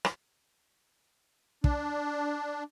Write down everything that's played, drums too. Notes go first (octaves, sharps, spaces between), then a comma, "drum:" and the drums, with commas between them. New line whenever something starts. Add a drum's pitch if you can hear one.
drum: rim click
D4, drum: kick